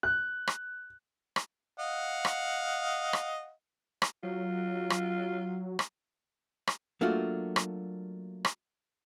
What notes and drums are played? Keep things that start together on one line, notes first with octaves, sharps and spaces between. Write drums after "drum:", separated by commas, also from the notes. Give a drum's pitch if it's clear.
F#6
drum: rim click
drum: rim click
D#5 F5 F#5
drum: rim click
drum: rim click
drum: rim click
F#3 F4
drum: rim click
drum: rim click
drum: rim click
F#3 A3 A#3 D4 F4 F#4
drum: rim click
drum: rim click